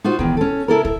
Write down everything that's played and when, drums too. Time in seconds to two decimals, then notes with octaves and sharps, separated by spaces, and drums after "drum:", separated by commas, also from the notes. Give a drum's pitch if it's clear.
0.04 D#4 F4 F#4 C5
0.19 E2 D#3, drum: kick
0.37 C#4 A4
0.68 C#3 E4 A4 A#4
0.85 E5, drum: kick